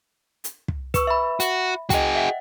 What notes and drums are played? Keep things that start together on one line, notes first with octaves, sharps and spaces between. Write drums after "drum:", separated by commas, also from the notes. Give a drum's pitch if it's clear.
drum: hi-hat
drum: kick
B4 C#6 E6, drum: kick, hi-hat
E5 B5
F#4, drum: hi-hat
F#4 G#4 D#5 G5, drum: kick, hi-hat
E5 F#5